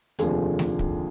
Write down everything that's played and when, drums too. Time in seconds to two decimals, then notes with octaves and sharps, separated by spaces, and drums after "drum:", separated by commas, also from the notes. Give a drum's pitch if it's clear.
0.19 F1 D#2 D3 F3 G#4, drum: hi-hat
0.59 drum: snare A3
0.79 drum: kick